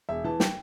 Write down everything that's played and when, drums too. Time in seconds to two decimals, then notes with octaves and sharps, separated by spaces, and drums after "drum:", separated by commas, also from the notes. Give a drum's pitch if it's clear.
0.09 E1 E5
0.24 E3 A5
0.40 G5, drum: snare